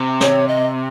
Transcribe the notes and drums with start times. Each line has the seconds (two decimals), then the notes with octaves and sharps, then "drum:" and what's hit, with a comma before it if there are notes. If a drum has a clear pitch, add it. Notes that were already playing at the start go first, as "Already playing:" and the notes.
Already playing: C3
0.21 C#5, drum: snare
0.47 D#5